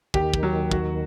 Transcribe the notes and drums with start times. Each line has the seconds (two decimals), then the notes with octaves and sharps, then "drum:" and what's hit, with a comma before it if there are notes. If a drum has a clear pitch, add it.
0.14 D#2 D#3 G4, drum: kick
0.34 drum: kick
0.43 F#3
0.71 F#4, drum: kick